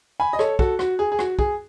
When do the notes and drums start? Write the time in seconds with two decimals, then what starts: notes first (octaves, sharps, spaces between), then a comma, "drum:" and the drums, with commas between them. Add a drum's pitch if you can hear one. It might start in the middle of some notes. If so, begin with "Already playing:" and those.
0.20 G#5 B5
0.33 D#5
0.39 A4 C#5, drum: rim click
0.59 F#4 A4, drum: kick
0.79 F#4, drum: rim click
0.99 G#4
1.12 G#4
1.19 F#4, drum: rim click
1.39 G#4, drum: kick